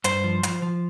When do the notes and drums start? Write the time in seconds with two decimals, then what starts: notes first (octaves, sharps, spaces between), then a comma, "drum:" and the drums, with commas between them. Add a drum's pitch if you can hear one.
0.04 G2 C5, drum: hi-hat
0.24 F3
0.43 F3, drum: hi-hat
0.62 F3